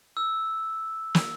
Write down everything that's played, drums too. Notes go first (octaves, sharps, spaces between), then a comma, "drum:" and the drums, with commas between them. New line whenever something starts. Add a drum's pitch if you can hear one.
E6
drum: snare